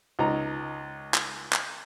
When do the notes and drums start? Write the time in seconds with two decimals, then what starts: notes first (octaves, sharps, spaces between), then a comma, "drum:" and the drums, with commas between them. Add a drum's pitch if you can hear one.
0.19 C#2 D#4 A#5
1.14 drum: clap
1.53 drum: clap